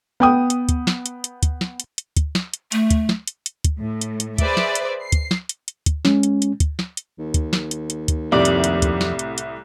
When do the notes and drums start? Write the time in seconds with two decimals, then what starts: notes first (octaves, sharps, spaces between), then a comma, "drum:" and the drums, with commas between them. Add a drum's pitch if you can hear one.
0.20 B3 G5 D#6
0.50 drum: hi-hat
0.69 drum: kick, hi-hat
0.87 drum: snare
1.06 drum: hi-hat
1.24 drum: hi-hat
1.43 drum: kick, hi-hat
1.61 drum: snare
1.80 drum: hi-hat
1.98 drum: hi-hat
2.17 drum: kick, hi-hat
2.35 drum: snare
2.54 drum: hi-hat
2.72 A3, drum: hi-hat
2.91 drum: kick, hi-hat
3.09 drum: snare
3.27 drum: hi-hat
3.46 drum: hi-hat
3.64 drum: kick, hi-hat
3.78 A2
4.01 drum: hi-hat
4.20 drum: hi-hat
4.38 G#4 B4 C5 D5 E5, drum: kick, hi-hat
4.57 drum: snare
4.75 drum: hi-hat
5.02 C7
5.12 drum: kick, hi-hat
5.31 drum: snare
5.49 drum: hi-hat
5.68 drum: hi-hat
5.86 drum: kick, hi-hat
6.05 G#3 C#4, drum: snare
6.23 drum: hi-hat
6.42 drum: hi-hat
6.60 drum: kick, hi-hat
6.79 drum: snare
6.97 drum: hi-hat
7.19 D#2
7.34 drum: kick, hi-hat
7.53 drum: snare
7.71 drum: hi-hat
7.90 drum: hi-hat
8.08 drum: kick, hi-hat
8.32 C2 F2 A2 C3 D5 D6
8.45 drum: hi-hat
8.64 drum: hi-hat
8.82 drum: kick, hi-hat
9.01 drum: snare
9.19 drum: hi-hat
9.38 drum: hi-hat